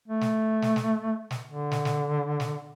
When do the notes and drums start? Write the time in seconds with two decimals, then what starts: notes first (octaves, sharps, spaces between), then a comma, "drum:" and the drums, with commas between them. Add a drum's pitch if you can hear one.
0.08 A3
0.21 drum: snare
0.62 drum: snare
0.76 drum: snare
1.31 drum: snare
1.48 D3
1.71 drum: snare
1.85 drum: snare
2.40 drum: snare